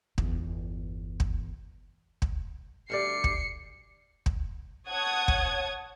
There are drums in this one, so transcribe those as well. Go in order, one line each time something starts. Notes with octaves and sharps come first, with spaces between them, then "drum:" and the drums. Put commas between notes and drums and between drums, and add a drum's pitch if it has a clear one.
G1 E2, drum: kick
drum: kick
drum: kick
D2 G3 D5 C7 C#7
drum: kick
drum: kick
C#5 F#5 A5 D#6 G#6
drum: kick